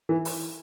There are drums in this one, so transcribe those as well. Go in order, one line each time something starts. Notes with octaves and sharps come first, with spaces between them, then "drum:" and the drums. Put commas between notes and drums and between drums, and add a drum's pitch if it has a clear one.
E3
drum: open hi-hat